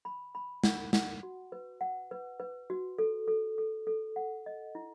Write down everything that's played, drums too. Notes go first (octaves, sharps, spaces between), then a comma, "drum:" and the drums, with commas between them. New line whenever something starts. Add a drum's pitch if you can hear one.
B5
B5
F#5, drum: snare
F#5, drum: snare
F#4
B4
F#5
B4
B4
F#4
A4
A4
A4
A4
F#5
D#5
E4